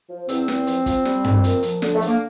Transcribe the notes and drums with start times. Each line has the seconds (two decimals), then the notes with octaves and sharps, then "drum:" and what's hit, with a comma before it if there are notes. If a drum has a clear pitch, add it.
0.09 F3
0.29 E2 C4, drum: hi-hat
0.48 E2, drum: snare
0.67 F3, drum: hi-hat
0.86 F3, drum: kick, hi-hat
1.05 G3, drum: snare
1.24 F2, drum: tom
1.44 A#2, drum: hi-hat
1.63 F3, drum: hi-hat
1.82 D3, drum: snare
1.95 A3
2.02 D3, drum: hi-hat
2.08 A#3